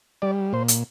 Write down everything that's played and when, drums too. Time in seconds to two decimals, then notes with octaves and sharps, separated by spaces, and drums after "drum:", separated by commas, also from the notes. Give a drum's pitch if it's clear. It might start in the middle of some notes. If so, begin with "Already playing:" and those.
0.22 G3 D5
0.53 A#2 C5
0.68 drum: hi-hat